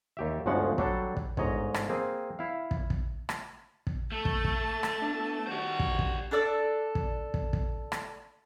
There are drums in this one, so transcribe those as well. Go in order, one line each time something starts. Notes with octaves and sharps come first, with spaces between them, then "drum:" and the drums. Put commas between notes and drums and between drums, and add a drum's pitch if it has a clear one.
D#2 G4 E5
G1 D2 C#3 F3 G#3 F#5
F#3 G3 D4 A4, drum: kick
drum: kick
G1 G#2 C#5 D#5 A#5, drum: kick
drum: rim click
A#3 C4 G#4
E4 F5
drum: kick
drum: kick
drum: rim click
drum: kick
A3 A5
drum: kick
drum: kick
drum: rim click
B3 D4
G2 D#3 F#4 G4 C5 D5
drum: kick
drum: kick
D4 A4 D5 E6
drum: kick
drum: kick
drum: kick
drum: rim click